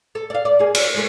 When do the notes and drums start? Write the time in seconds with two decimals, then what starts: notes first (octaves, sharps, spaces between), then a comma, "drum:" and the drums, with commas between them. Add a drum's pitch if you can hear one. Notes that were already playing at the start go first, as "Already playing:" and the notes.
0.15 A4
0.30 D5 F5
0.45 D5
0.59 A#3 G#4
0.75 F#4 C#5, drum: cymbal
0.94 G#3 A3